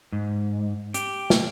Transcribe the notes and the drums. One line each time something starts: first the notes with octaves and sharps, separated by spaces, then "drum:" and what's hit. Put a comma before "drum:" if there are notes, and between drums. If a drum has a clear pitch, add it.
G#2
G4, drum: hi-hat
drum: snare